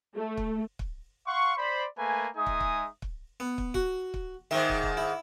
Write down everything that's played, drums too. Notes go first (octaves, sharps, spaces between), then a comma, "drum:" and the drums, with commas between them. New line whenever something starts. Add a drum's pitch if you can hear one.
A3
drum: kick
drum: kick
F5 F#5 C6 C#6
C5 D5 B5
A3 A#3 B4 G#5
G#3 D#4 G#4 E5 G#5 D#6
drum: kick
drum: kick
drum: kick
B3
drum: kick
F#4, drum: kick
drum: kick
G#2 D#3 E5
drum: kick
drum: kick
E4